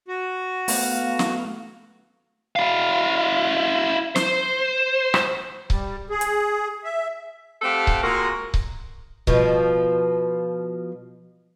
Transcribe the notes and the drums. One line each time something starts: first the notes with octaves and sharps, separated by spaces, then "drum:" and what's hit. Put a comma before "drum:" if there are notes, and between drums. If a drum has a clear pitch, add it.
F#4
A3 B3 F5, drum: open hi-hat
drum: snare
E4 F5
C5, drum: snare
drum: rim click
G3, drum: kick C#1
G#4
drum: hi-hat
E5
A3 C4 G4 A4 F5 F#5
drum: kick C#1
G#3 A#3 F4 F#4 A#4
drum: kick C#1
B2 F3, drum: kick C#1